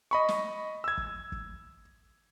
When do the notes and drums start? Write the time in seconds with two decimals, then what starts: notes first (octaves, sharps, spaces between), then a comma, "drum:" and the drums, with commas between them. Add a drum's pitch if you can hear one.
0.11 D#5 B5 C#6
0.29 drum: snare
0.84 E6 G#6
0.98 drum: kick
1.32 drum: kick